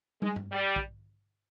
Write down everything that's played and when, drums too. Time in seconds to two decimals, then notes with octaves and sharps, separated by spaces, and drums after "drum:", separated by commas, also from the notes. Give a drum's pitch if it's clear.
0.22 G#3, drum: tom
0.36 drum: tom G2
0.52 G3
0.76 drum: kick